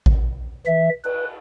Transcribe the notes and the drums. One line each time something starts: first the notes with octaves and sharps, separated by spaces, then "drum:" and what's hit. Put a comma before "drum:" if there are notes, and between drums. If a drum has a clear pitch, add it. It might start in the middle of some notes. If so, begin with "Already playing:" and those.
drum: kick A1
E3 E5
B4, drum: cymbal